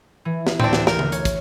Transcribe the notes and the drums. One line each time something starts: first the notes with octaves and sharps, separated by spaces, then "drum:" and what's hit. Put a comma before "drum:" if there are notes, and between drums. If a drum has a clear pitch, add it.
E3
drum: snare
D2 C4 D4, drum: tom A2
drum: snare
A#4, drum: snare
drum: tom C#3
C#5, drum: hi-hat
drum: kick, hi-hat